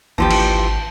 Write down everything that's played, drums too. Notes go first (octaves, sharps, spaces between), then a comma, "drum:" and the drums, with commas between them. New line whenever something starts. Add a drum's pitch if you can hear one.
G#1 D2 E3 F3 A#3 G4 A5
drum: cymbal